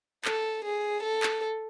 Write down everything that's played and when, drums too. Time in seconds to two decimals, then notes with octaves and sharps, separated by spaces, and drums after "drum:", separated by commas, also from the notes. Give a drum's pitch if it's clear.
0.25 A4, drum: clap
0.65 G#4
1.03 A4
1.23 drum: clap